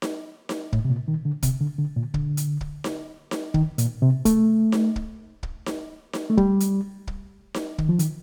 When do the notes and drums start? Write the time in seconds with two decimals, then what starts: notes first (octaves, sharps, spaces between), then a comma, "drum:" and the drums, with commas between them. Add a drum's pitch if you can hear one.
0.02 drum: snare D#4
0.49 drum: snare D#4
0.73 A2, drum: kick
0.85 C3
0.90 A#2
1.08 D#3
1.25 D3
1.43 C3, drum: kick, hi-hat
1.61 D3
1.79 D3
1.97 A#2
2.14 D3, drum: kick
2.37 drum: hi-hat
2.61 drum: kick
2.84 drum: snare D#4
3.31 drum: snare D#4
3.54 D#3, drum: kick
3.78 A#2, drum: hi-hat
4.02 C3
4.25 A3, drum: kick, hi-hat
4.72 drum: snare D#4
4.96 drum: kick
5.43 drum: kick
5.66 drum: snare D#4
6.13 drum: snare D#4
6.30 A3
6.37 G3, drum: kick
6.60 drum: hi-hat
7.07 drum: kick
7.54 drum: snare D#4
7.78 D#3, drum: kick
7.89 F3
7.99 D#3, drum: hi-hat